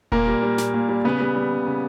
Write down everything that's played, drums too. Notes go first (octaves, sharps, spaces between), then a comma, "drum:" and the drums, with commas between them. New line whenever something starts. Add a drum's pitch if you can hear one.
A#2 A#3 A#4, drum: kick E1
G3
G3
A#2, drum: snare
A#2
G3
C#3 B3 B4
G3
G3
C#3
C#3